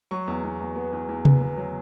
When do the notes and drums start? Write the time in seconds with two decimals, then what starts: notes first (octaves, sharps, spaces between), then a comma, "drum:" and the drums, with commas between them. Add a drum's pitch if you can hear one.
0.11 F#3 C#6
0.27 E2
0.43 E2
0.60 E2
0.76 B3
0.93 E2
1.09 E2
1.25 B3, drum: tom C3
1.40 B3
1.57 F#3